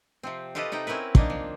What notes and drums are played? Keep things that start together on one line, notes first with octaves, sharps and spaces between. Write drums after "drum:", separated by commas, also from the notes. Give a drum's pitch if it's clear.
C3 F3 C4
F4 G4 A4 B4 D#5
C3 D#4 F#5 G5
C4 C#4 E4 A#4 B4
A#3 D4 D#4, drum: kick
F3